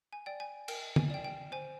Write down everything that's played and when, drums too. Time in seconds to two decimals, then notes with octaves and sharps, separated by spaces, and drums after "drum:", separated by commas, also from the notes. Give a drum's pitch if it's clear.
0.13 G#5
0.26 D5 G5
0.40 G#5
0.68 A#4 G5, drum: cymbal
0.96 G#5, drum: tom
1.10 D5 G5
1.24 G5
1.52 C5 G#5